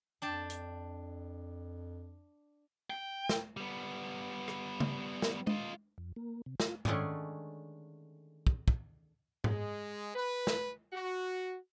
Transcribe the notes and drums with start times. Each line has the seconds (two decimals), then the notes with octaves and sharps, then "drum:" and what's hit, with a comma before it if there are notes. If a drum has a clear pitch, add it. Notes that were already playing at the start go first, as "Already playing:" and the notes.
0.22 F2 D4 G5 A5
0.50 drum: hi-hat
2.90 G5
3.29 drum: snare
3.57 G3 B3
4.48 drum: rim click
4.80 drum: tom C#3
5.22 drum: snare
5.47 F4 D#5, drum: tom G#3
5.98 F2
6.16 A#3
6.46 C3
6.60 F4, drum: snare
6.85 D3 D#3 G#3 A3 C#4 D4, drum: tom G#2
8.47 drum: kick
8.68 drum: kick
9.44 G#3, drum: tom G#2
10.14 B4
10.47 drum: snare
10.93 F#4